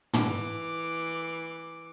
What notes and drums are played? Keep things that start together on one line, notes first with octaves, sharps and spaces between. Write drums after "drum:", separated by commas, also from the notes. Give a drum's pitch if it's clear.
E3 D6, drum: tom